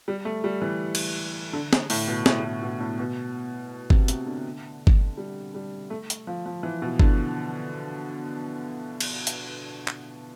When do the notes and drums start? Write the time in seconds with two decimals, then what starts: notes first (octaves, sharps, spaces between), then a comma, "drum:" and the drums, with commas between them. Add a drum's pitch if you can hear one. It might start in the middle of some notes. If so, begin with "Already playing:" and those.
0.08 G3
0.25 A3
0.44 G3
0.62 E3
0.95 drum: cymbal
1.53 D3
1.73 drum: snare
1.90 A2, drum: open hi-hat
2.08 B2
2.26 A2, drum: snare
2.44 A2
2.63 B2
2.80 A2
2.99 B2
3.90 C3, drum: kick G1
4.08 C3, drum: hi-hat
4.26 D3
4.87 drum: kick G1
5.17 G3
5.54 G3
5.90 A3
6.10 drum: hi-hat
6.27 F3
6.46 F3
6.63 E3
6.82 B2
7.00 D3, drum: kick G1
9.01 drum: cymbal
9.27 drum: hi-hat
9.88 drum: clap